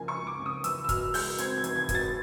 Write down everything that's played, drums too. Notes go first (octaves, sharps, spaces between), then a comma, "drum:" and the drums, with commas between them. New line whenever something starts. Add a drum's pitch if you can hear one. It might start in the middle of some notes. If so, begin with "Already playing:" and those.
Already playing: C#2 C#3 F3 A#3 G#5
C#6
C#2
D6
C#3
D#6
E2 E6, drum: hi-hat
E6
B2 F6, drum: kick, hi-hat
G#3 G6, drum: open hi-hat
C4 G#6, drum: hi-hat
G#6
E2, drum: hi-hat
G#6
B2, drum: kick, hi-hat
A6